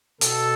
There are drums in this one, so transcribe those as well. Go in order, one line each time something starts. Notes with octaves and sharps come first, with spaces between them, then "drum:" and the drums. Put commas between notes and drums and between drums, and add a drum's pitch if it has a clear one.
B2 A4, drum: hi-hat